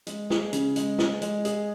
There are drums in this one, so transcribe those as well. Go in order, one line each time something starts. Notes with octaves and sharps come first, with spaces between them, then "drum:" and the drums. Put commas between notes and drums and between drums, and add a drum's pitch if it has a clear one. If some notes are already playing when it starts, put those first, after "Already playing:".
G#3, drum: hi-hat
G#4, drum: snare
C#3, drum: hi-hat
G#3, drum: hi-hat
G#4, drum: snare
G#3, drum: hi-hat
G#4, drum: hi-hat